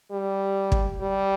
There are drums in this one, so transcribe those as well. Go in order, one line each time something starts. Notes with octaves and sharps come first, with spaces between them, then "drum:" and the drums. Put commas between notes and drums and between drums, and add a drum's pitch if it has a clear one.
G3
drum: kick
G3